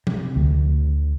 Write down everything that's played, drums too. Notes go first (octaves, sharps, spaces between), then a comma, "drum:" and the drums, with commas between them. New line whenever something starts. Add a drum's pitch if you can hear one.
C3, drum: tom F3
D2